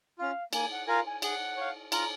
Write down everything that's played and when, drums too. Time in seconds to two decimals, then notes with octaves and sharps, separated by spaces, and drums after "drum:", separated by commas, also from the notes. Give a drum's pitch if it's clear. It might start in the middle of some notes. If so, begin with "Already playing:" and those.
0.18 C#4 F4 F5
0.53 A#3 G#5, drum: cymbal
0.71 F#5
0.87 F4 A#4 F5 G#5 A#5
1.05 G#5
1.22 G#4 F#5, drum: cymbal
1.57 C#5 F5
1.92 F4 A#5, drum: cymbal